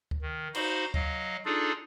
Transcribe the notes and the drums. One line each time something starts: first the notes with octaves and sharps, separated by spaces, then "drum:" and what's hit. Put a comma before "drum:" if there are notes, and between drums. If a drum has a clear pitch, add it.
drum: kick D2
D#3
D#4 F#4 C5 F5 B5 C6, drum: cymbal
F#3 D#5 F5, drum: kick D2
D4 D#4 F4 G#4 A4 D5